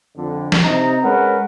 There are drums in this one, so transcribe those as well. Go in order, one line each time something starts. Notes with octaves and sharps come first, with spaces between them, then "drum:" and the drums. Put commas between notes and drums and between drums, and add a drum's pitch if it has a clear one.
F2 D3
drum: snare
C3 D#4 A#5
G#3 C#4 A#4 B4 F#5